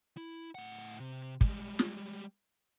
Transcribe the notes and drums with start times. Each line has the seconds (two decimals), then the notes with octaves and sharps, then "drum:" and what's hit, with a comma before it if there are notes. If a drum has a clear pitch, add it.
0.17 E4
0.55 A2 F#5
1.00 C3
1.41 G3 G#3, drum: kick
1.79 drum: snare